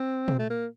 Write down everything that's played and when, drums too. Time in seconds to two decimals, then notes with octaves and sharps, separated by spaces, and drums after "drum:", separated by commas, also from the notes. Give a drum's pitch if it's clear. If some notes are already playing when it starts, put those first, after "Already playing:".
Already playing: C4
0.28 drum: tom
0.39 A3
0.50 A#3